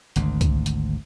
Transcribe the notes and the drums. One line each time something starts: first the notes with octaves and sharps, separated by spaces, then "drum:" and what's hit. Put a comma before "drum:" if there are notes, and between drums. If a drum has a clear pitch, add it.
G#1 D2, drum: hi-hat
drum: kick, hi-hat
drum: hi-hat